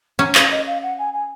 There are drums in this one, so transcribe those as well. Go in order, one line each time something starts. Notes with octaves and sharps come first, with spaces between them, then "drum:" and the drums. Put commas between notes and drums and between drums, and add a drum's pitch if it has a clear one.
C#4 A#5
F5, drum: clap
D#5
F5
F#5
G#5
G#5